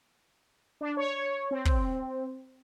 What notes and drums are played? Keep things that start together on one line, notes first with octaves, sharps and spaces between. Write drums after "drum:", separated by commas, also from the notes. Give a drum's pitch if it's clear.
D4
C#5
C4
drum: kick